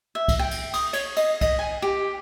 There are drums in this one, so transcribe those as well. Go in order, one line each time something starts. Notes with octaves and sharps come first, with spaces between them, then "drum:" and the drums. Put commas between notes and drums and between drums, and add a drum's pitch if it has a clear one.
E5
drum: kick C2, cymbal
G5
drum: cymbal
D#6, drum: cymbal
C#5, drum: cymbal
D#5, drum: cymbal
D#5, drum: kick C2, cymbal
G#5
G4